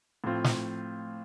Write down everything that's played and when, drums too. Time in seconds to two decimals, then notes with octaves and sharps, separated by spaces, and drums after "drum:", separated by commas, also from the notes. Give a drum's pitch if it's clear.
0.24 A2 F3 C4 F4
0.44 drum: snare